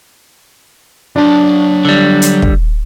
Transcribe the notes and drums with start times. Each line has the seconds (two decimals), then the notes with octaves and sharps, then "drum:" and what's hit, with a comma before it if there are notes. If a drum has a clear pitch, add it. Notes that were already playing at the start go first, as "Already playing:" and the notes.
1.16 F#3 D4 A5
1.85 D3 G3
2.22 drum: hi-hat
2.42 drum: kick